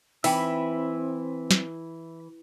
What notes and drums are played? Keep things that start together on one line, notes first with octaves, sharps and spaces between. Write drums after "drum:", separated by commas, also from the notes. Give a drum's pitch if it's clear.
E3 C4 D#4 E5 G5 B5 D6, drum: open hi-hat
drum: snare